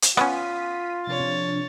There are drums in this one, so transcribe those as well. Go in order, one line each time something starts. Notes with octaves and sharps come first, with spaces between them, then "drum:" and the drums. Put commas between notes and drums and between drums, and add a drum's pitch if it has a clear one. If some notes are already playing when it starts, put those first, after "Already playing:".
drum: hi-hat
B3 C#4 F4 B6 D#7, drum: rim click
C3 F3 D4 C#5 A6